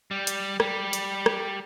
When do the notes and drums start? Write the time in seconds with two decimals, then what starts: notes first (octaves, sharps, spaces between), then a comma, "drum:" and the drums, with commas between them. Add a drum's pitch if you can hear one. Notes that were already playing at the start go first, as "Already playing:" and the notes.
0.11 G3
0.27 drum: hi-hat
0.60 G3, drum: rim click
0.93 drum: hi-hat
1.26 drum: rim click